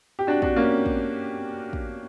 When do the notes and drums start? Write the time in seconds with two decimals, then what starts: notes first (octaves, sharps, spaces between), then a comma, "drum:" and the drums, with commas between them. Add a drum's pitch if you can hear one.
0.19 G4
0.27 D4 F#4
0.42 D4 F#4, drum: kick
0.56 A#3 C#4
0.86 drum: kick
1.73 drum: kick